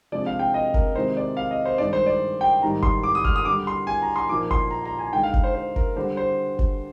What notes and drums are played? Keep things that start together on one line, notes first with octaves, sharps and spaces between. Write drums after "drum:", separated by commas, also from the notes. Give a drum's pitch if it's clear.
C3 F3 G#3 D4 D5
F5
G5
D#5
A#4, drum: kick F#1
C3 D#3 G#3 D#4 C5
D5
F5
D#5
C5
G2 D#3 G#3 D4 D5
C5
D5
G5
G#2 D#3 G3 A#3 A#5
C6, drum: kick F#1
D6
D#6
F6, drum: kick F#1
D#6
D3 G3 D4 D6
C6
G#5
A#5
C6
A#2 F3 A#3 D#4 D6
C6, drum: kick F#1
A#5
A#5
G#5
D3 G#3 D#4 G5
F5
drum: kick F#1
C5
C5
A#4, drum: kick F#1
D3 G3 D4 C5
C5
drum: kick F#1